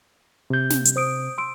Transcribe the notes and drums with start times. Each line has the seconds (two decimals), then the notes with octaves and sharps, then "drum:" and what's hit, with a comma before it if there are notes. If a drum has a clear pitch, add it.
0.50 C3 G6
0.70 drum: snare
0.85 drum: hi-hat
0.96 C5 D#6 D7
1.38 C6 E6 D7